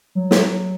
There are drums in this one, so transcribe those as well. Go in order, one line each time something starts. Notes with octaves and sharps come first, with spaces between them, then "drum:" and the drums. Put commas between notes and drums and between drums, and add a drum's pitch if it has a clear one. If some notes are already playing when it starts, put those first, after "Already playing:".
F#3
drum: snare